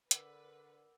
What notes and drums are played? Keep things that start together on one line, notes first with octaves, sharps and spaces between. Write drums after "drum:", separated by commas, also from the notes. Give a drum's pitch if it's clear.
D3 A#4 B4 F#5 D6 E6, drum: hi-hat